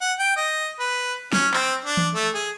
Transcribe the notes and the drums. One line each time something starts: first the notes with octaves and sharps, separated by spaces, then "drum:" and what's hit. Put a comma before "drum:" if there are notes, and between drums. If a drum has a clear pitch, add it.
F#5
G5
D#5
B4
C#4, drum: snare
C4, drum: clap
D4
drum: tom E3
A3
G#4